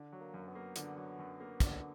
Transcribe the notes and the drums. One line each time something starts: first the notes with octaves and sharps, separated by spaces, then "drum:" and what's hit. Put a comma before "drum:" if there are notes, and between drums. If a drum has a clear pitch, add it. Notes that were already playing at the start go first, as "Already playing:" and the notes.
Already playing: D3
F#3
A#3
F#2
B3
A#3
D3 B3, drum: hi-hat
F#3
F#2
A#3
D3, drum: kick, hi-hat